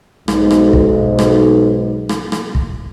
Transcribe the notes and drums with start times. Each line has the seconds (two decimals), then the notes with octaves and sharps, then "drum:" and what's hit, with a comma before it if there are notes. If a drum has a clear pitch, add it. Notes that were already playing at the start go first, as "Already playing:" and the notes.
0.28 B1 G#2, drum: rim click
0.51 drum: rim click
0.73 drum: kick
1.19 drum: rim click
2.09 drum: rim click
2.32 drum: rim click
2.55 drum: kick